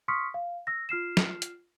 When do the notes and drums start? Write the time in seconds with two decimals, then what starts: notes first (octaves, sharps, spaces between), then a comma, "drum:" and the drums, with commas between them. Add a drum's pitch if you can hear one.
0.08 C6 C#6 D#6 F6 B6 C#7
0.34 F5
0.67 E6 A#6
0.89 F4 F6 C7 E7
1.17 drum: snare
1.42 drum: hi-hat